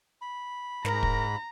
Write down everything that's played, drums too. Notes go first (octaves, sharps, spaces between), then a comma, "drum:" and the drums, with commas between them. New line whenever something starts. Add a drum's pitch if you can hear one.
B5
G#2 A#4 A#5, drum: snare
drum: kick